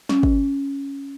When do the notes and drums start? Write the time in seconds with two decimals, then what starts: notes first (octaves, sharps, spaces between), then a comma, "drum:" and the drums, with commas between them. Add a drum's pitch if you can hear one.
0.09 C#4, drum: snare
0.23 drum: kick